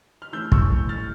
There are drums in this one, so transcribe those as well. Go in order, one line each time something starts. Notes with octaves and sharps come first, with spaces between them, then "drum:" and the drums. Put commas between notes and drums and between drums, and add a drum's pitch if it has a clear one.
F6
E3 A3 C#4 E6 G6
C#6 E6, drum: kick
F6 A6